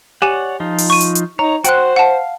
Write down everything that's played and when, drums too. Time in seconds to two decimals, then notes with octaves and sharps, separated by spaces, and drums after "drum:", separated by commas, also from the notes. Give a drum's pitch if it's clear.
0.22 G4 C#5 D5 F#5 G#5 E7
0.60 F3 D#4 F4
0.78 drum: open hi-hat
0.90 C#6 D#7
1.00 drum: hi-hat
1.15 drum: hi-hat
1.39 D#4 C#5 A#5
1.64 F#4 C5 F#5 G5 C6 F#6, drum: hi-hat
1.96 F5 F#5 A5